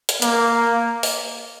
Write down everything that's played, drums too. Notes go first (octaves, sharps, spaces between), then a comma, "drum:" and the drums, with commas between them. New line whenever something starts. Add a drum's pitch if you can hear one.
drum: hi-hat
A#3, drum: hi-hat
drum: open hi-hat